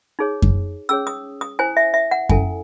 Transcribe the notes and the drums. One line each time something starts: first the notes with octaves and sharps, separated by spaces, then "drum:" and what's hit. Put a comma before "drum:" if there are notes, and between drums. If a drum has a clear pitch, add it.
D#4 G#4 C#5
drum: kick F#2
C#4 G#4 C#5 E6
D#6
D#6
E4 C5 G#5
E5
E5
F#5
C#4 E4 A4 G#5, drum: kick F#2